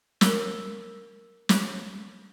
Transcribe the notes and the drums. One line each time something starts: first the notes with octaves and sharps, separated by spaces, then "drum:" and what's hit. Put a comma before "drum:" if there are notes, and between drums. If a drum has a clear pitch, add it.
A#4 E6, drum: snare
drum: snare